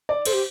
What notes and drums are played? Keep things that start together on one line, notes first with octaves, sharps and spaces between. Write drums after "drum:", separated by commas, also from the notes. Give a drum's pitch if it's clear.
D5
A4 C5, drum: cymbal
G4